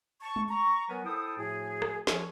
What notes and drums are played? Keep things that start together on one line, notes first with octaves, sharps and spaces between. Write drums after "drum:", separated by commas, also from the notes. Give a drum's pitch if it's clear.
A5 C#6
drum: tom G#3
A#5 C#6
F#3 B3 A#4 B4 F#5 G#5
E4 A4 C5 G5 A5 D#6
A2 F3 A3 E4 F#4 G#4
drum: rim click
F3 C#4, drum: snare